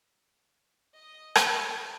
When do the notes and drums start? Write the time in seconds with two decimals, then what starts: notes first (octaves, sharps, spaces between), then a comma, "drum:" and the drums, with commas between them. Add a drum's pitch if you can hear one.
0.94 D#5 D#6
1.35 drum: rim click
1.49 A4